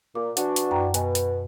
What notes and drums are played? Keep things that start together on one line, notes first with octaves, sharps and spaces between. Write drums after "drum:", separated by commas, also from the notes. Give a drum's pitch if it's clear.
A#2 D6
E3 D4 F#4, drum: hi-hat
drum: hi-hat
F#2 G5 A#5
B2 G#5, drum: hi-hat
drum: hi-hat